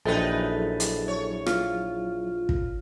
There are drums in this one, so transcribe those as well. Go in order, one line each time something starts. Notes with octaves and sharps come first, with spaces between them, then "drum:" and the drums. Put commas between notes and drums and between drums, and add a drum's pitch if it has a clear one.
A#1 F#3 D#4 E4 G#4 A4 B4 G5
drum: hi-hat
C#5
F4, drum: rim click
drum: kick